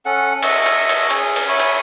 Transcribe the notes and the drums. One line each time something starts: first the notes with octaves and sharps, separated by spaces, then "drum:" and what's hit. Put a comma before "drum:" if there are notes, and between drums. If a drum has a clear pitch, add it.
C#4 A4 F#5
D#5 E5 C#6 E6, drum: cymbal
drum: cymbal
drum: cymbal
C#4 G#4, drum: cymbal
drum: cymbal
C#5 E5 G#5 B5
drum: cymbal